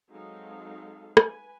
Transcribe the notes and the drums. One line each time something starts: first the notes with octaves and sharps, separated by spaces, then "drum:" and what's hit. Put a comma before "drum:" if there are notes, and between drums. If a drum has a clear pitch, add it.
F#3 G#3 C4 D#4 A4 F5
B4 G#5, drum: rim click